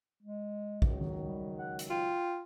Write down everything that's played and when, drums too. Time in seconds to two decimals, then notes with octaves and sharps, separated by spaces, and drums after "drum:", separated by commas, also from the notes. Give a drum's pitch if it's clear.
0.22 G#3
0.82 C#2 D#3 F#3, drum: kick
1.01 drum: tom D#3
1.25 G3
1.59 F#5
1.79 drum: hi-hat
1.90 F4 G5